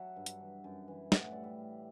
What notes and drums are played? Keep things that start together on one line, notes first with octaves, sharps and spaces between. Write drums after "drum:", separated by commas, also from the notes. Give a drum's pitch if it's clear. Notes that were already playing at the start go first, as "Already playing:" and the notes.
Already playing: F#3 E5 F#5 A5
G2
drum: hi-hat
E3
F#2
E3
A2 F#5, drum: snare
E5
G3 D5
E5
A2